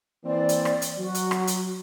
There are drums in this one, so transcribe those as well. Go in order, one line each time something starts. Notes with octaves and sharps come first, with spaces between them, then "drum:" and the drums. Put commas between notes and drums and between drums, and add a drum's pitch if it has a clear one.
E3 A#3 C4 D5
drum: hi-hat
drum: rim click
drum: hi-hat
F#3 F#4
drum: hi-hat
drum: rim click
drum: hi-hat